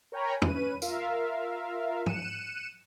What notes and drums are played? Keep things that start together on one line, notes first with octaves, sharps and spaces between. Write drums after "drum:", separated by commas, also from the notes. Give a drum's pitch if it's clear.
A#4 C#5 G5 G#5 A#5 B5
C#4 B4 D#7, drum: tom
F4 A#4 E5 F5, drum: tambourine
F#6 C#7 D#7 E7, drum: tom